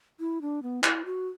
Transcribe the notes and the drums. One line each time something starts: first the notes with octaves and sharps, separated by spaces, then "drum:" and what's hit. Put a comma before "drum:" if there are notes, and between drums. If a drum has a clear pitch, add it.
E4
D4
B3
E4, drum: clap
F#4